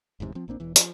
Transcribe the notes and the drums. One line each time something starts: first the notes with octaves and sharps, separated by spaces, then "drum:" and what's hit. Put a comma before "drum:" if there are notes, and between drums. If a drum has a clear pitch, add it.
G1 E2 G#2 C3
F3 C4
A#1 A#3 C4 D4
E1 E2 E3
F3, drum: hi-hat